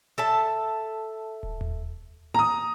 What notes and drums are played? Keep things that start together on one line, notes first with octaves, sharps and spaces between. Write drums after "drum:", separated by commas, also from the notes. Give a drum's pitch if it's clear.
A4 E5 A5
drum: kick D#1
drum: tom D#2
A#5 D#6, drum: tom A#3